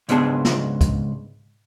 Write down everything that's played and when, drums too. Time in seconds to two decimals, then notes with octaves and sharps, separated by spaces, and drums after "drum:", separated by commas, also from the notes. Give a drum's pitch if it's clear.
0.09 C#2 G#2 B3 D4 G#4 A5, drum: hi-hat
0.45 drum: snare
0.81 drum: kick, hi-hat